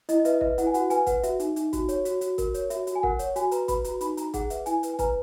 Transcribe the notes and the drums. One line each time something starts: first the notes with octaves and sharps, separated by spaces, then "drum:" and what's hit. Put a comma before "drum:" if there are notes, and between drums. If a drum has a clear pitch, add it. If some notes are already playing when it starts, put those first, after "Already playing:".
E4 D#5, drum: hi-hat
D#5
B4 E5, drum: hi-hat
D#5
B4 E5, drum: kick
E4 F#5, drum: hi-hat
G#5
F#4 F#5, drum: hi-hat
B4 G#5, drum: hi-hat
B4 F#5, drum: kick, hi-hat
F#4 E5, drum: hi-hat
D#4, drum: hi-hat
D#4, drum: hi-hat
F#4, drum: kick, hi-hat
C#5, drum: hi-hat
F#4, drum: hi-hat
F#4, drum: hi-hat
A#4, drum: kick, hi-hat
C#5, drum: hi-hat
F#4 E5, drum: hi-hat
F#4, drum: hi-hat
G#5
A#4 F#5, drum: kick
C#5, drum: hi-hat
F#4 G#5, drum: hi-hat
B4 A#5, drum: hi-hat
B4 B5, drum: kick, hi-hat
F#4 A#5, drum: hi-hat
D#4 B5, drum: hi-hat
D#4 A#5, drum: hi-hat
G#4 F#5, drum: kick, hi-hat
B4 E5, drum: hi-hat
E4 G#5, drum: hi-hat
B4, drum: hi-hat
G#5
B4 A#5, drum: kick, hi-hat